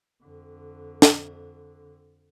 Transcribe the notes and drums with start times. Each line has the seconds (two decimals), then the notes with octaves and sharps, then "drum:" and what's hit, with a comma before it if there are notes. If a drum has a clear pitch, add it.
0.22 F2 D3
1.02 drum: snare